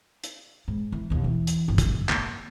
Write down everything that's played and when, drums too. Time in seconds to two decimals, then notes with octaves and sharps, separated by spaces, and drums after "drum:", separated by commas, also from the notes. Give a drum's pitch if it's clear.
0.24 drum: hi-hat
0.68 G#2
0.92 E3
1.10 E1 D#2
1.24 E3
1.47 drum: hi-hat
1.68 G#1 F#2
1.78 drum: kick, hi-hat
2.09 A#3, drum: clap